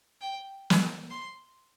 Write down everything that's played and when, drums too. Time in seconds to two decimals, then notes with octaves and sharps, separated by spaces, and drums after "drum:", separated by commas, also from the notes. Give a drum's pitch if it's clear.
0.21 G5
0.70 drum: snare
1.10 C6